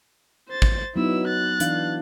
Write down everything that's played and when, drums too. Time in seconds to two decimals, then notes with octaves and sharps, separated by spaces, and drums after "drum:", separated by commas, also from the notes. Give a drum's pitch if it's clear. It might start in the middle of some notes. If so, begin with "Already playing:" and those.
0.48 C5 A6
0.62 drum: kick
0.96 F#3 B3 D#4 E4 E6
1.27 F#6 A6
1.60 E3 D4 F5, drum: hi-hat